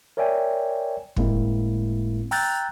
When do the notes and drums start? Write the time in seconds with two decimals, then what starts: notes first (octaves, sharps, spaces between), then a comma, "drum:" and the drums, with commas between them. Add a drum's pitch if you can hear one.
0.17 A#4 C#5 D5 E5 G5 G#5
1.16 G1 A2 G#3 A#3 C4 E4, drum: kick
2.31 G5 A#5 E6 F#6 G6 A6, drum: open hi-hat